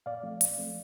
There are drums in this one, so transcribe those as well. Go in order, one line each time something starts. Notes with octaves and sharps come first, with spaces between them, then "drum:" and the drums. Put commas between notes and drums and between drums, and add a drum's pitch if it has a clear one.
A#2 D5 F5
F3 A3 C4
A#2, drum: hi-hat
F3 A3 C4